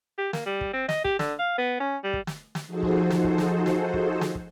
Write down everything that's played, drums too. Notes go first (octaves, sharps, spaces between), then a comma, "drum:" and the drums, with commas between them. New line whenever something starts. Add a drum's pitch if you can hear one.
G4
A#3, drum: snare
G3
drum: kick
C4
D#5, drum: snare
G4, drum: kick
D3, drum: snare
F5
B3
C#4
G3
drum: kick
drum: snare
drum: snare
F3 D#4 F#4 G#4 A4 C5
drum: kick
drum: snare
drum: kick
drum: snare
drum: snare
drum: kick
drum: snare
drum: kick